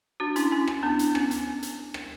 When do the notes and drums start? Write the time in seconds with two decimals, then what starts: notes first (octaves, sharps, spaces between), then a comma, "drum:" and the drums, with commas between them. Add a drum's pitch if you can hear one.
0.20 D4 F#4
0.36 C#4 E4, drum: hi-hat
0.51 C#4 E4
0.67 drum: rim click
0.83 B3 D4
0.99 drum: hi-hat
1.15 C#4, drum: rim click
1.31 drum: hi-hat
1.63 drum: hi-hat
1.94 drum: rim click